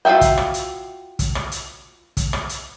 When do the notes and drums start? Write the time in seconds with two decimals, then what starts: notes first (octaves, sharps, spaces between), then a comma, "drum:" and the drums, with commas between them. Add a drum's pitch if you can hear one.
0.05 F4 F#4 G#4 E5 G5
0.21 drum: kick, hi-hat
0.38 drum: rim click
0.54 drum: hi-hat
1.19 drum: kick, hi-hat
1.35 drum: rim click
1.52 drum: hi-hat
2.17 drum: kick, hi-hat
2.33 drum: rim click
2.49 drum: hi-hat